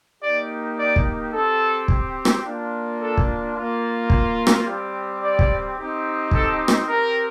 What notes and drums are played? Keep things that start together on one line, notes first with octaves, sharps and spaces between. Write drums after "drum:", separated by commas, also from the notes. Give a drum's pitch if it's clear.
A#3 D#4 G4 D5
D5
drum: kick
C4 G4 A4
drum: kick
drum: rim click
A#3 D4 F4
A4
drum: kick
A#3 F4
drum: kick
drum: rim click
G3 C4 G4
D5
drum: kick
C4 D#4 G4
A4, drum: kick
drum: rim click
C4 G4 A#4